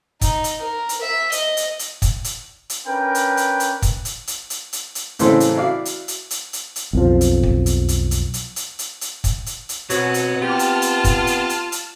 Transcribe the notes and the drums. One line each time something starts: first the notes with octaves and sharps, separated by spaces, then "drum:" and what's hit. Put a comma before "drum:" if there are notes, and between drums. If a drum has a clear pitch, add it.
D#4, drum: kick, hi-hat
drum: hi-hat
A#4
drum: hi-hat
E5
D#5, drum: hi-hat
drum: hi-hat
drum: hi-hat
drum: kick, hi-hat
drum: hi-hat
drum: hi-hat
C#4 D4 A#4 B4 G5
drum: hi-hat
drum: hi-hat
drum: hi-hat
drum: kick, hi-hat
drum: hi-hat
drum: hi-hat
drum: hi-hat
drum: hi-hat
drum: hi-hat
A1 C#3 E3 C4 A4 C6, drum: hi-hat
drum: hi-hat
E4 F#4 D5 F5
drum: hi-hat
drum: hi-hat
drum: hi-hat
drum: hi-hat
drum: hi-hat
B1 F2 F3
drum: hi-hat
drum: kick
drum: hi-hat
drum: hi-hat
drum: hi-hat
drum: hi-hat
drum: hi-hat
drum: hi-hat
drum: hi-hat
drum: kick, hi-hat
drum: hi-hat
drum: hi-hat
B2 F#3 B3 C4, drum: hi-hat
drum: hi-hat
F4 G4 A5 F6
drum: hi-hat
drum: hi-hat
drum: kick, hi-hat
drum: hi-hat
drum: hi-hat
drum: hi-hat